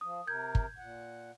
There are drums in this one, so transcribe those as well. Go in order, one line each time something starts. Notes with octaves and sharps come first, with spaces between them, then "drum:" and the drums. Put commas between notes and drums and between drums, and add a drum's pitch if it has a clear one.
F3 D#6
C3 A#4 G6 G#6
drum: kick
A#2 F#5